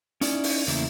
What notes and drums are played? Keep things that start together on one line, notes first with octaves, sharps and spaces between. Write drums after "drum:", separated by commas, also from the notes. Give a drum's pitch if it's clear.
C#4 D#4 E4 D5, drum: hi-hat
drum: open hi-hat
E2 C#3 A3 A#3 E4, drum: hi-hat